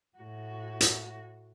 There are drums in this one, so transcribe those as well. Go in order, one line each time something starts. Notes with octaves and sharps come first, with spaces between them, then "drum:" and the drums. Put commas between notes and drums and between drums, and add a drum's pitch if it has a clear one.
A2 F#4
drum: hi-hat